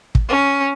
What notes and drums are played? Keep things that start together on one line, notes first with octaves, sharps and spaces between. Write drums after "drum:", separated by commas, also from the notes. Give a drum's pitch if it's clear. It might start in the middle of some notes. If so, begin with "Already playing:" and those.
drum: kick
C#4